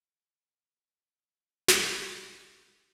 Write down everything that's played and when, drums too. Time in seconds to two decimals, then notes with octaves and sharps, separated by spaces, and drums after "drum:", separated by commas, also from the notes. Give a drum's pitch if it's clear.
1.68 drum: snare
1.84 G1 C2
2.56 C3 D#4